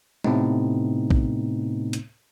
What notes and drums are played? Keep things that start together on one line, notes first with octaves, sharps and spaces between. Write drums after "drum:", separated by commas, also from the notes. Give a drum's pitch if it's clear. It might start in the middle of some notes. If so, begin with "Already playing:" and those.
A2 C3 A3 B3 C4 D#4, drum: tom G#3
drum: kick
drum: hi-hat